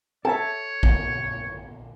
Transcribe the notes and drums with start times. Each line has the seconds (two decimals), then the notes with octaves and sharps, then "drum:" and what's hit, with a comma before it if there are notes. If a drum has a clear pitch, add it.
0.25 A4 C#5 E5 A5
0.83 drum: kick